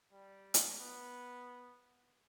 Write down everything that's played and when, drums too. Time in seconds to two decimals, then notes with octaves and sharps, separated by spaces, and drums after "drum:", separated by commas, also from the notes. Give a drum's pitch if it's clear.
0.12 G3
0.54 drum: hi-hat
0.80 B3